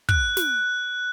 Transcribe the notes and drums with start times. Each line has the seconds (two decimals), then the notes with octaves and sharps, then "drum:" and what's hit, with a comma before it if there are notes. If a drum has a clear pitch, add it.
0.09 F#6, drum: kick
0.37 drum: snare